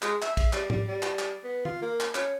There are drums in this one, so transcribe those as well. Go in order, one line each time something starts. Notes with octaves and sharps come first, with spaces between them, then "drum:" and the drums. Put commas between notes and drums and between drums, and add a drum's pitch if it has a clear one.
G#3, drum: clap
E5, drum: clap
drum: kick, cymbal
G3, drum: clap
G3, drum: tom G#2
G3
drum: clap
drum: clap
B3
F4, drum: tom D#3
A#3
drum: clap
C#4, drum: clap